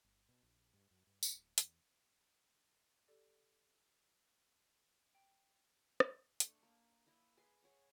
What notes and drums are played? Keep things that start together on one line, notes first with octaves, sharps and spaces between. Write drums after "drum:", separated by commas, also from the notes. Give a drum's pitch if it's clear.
G1
B2
A#1
G2
F#2
G2
D1, drum: tambourine
E2, drum: hi-hat
G4 A4 D5
G5
drum: rim click
A3 D4 A4, drum: hi-hat
A#3
A#3 E4 D#5
G#4 B4 D#5 C6
G#4 C#5 F#5